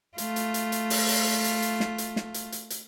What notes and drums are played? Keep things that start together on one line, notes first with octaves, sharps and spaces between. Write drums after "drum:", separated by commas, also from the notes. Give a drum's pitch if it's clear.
A3 F4, drum: hi-hat
drum: hi-hat
drum: hi-hat
drum: hi-hat
drum: open hi-hat
drum: open hi-hat
drum: hi-hat
drum: hi-hat
drum: snare
drum: hi-hat
drum: snare
drum: hi-hat
drum: hi-hat
drum: hi-hat